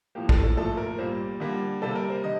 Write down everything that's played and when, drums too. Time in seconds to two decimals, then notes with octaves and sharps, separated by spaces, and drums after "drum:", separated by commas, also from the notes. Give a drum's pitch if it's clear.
0.15 A2 F3 A#3 G4
0.29 A4, drum: kick
0.43 A4
0.56 A#2 F3 A3 A4
0.77 A#4
0.98 A#2 G3 A#3 C5
1.40 D3 G3 A#3
1.82 C3 G3 A#3 A4
1.95 A#4
2.10 C5
2.24 D3 D#5